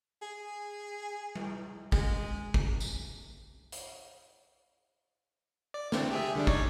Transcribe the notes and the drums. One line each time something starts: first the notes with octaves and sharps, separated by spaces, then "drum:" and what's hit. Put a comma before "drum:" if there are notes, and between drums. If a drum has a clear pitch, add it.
G#4
drum: tom G3
G#3, drum: kick
drum: kick
drum: tambourine
drum: hi-hat
D5
D3 A3 C4, drum: snare
G4 G#4 E5
D3 G3 D4
D#4 C#5 D5, drum: kick